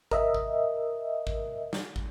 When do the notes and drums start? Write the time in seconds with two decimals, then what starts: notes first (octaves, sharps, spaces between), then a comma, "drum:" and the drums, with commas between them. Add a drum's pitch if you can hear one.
0.11 A#4 D#5 E5, drum: kick
0.34 drum: kick
1.27 drum: kick
1.73 drum: snare
1.96 drum: kick